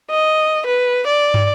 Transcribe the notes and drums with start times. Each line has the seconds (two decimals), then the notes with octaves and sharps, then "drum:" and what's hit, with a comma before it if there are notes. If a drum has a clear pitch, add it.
0.10 D#5
0.66 B4
1.07 D5
1.34 drum: tom